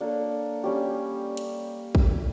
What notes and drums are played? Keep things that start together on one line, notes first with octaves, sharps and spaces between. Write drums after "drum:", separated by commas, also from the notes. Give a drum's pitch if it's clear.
A#3 D4 A4 C#5
G3 C#4 G4
drum: hi-hat
drum: kick